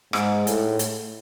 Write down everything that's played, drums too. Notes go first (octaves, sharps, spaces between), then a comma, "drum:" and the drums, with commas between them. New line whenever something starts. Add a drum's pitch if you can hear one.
G#2, drum: rim click
A2, drum: hi-hat
drum: hi-hat